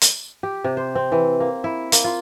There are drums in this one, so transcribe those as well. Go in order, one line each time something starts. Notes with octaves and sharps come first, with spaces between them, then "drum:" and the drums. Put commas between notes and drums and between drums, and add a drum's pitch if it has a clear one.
drum: hi-hat
G4
C3
C5
C4
E3
A#3
E4
A#3, drum: hi-hat
F4